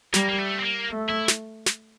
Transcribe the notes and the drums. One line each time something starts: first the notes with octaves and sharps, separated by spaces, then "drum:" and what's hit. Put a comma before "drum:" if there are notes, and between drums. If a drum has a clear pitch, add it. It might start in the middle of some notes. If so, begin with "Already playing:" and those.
G3 A#3, drum: snare
A#3
A3
C4
A#3
A3
E4
drum: snare
drum: snare